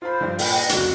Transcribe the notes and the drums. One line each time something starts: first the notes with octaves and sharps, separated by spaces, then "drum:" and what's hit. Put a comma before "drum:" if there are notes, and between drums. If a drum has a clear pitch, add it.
F4 C5 B5
G2 F3
A#2 B4 G5, drum: open hi-hat
D#5
F1 C#2 F#4, drum: hi-hat